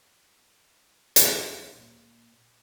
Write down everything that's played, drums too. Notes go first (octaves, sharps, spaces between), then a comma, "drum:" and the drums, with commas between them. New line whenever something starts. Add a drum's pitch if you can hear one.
D2 F3 G3, drum: hi-hat
A#2